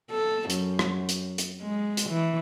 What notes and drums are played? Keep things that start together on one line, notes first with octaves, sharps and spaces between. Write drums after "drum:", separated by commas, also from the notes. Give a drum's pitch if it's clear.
A4
F#2, drum: hi-hat
drum: rim click
drum: hi-hat
drum: hi-hat
G#3
drum: hi-hat
E3